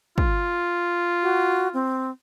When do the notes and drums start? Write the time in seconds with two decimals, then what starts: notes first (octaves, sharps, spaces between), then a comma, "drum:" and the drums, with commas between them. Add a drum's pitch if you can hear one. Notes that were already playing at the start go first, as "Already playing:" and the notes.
0.18 F4, drum: kick
1.23 F#4
1.74 C4